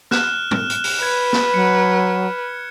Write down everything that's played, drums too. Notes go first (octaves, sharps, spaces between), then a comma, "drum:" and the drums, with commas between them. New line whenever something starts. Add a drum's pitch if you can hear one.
F6 F#6 E7, drum: snare
F6, drum: tom
drum: hi-hat
drum: open hi-hat
B4 G#6
drum: snare
F#3 C#7